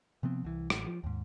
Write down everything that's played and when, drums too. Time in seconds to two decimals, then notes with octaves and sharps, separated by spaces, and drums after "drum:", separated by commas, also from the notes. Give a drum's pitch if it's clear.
0.23 C3 F3 B3 C4
0.44 C2 E3
0.70 A1, drum: rim click
0.87 F3
1.04 D#2 G#2